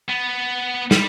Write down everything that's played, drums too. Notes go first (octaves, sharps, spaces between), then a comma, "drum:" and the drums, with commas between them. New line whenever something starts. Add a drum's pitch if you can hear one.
B3
G3, drum: snare